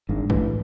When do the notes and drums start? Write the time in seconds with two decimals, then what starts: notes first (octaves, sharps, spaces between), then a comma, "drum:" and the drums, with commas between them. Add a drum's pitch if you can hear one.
0.09 G#1 G#2 D4
0.30 A1 A2 B4, drum: kick